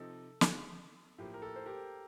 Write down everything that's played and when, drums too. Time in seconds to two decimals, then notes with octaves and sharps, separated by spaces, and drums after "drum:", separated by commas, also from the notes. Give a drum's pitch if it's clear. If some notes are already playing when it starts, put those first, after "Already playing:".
Already playing: C3 F3 C4 D#4 A4
0.41 drum: snare
1.18 A2 F3 A#3 G4
1.34 A#4
1.42 A4
1.56 C5
1.66 G4 A#4